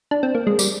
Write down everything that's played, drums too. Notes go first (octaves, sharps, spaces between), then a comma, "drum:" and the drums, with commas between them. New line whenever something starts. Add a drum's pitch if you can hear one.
D4
C4
A#3
G#3
G3, drum: tambourine